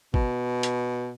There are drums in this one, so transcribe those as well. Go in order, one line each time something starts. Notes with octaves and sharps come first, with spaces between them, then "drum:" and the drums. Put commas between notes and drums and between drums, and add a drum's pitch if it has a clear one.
B2, drum: kick
drum: hi-hat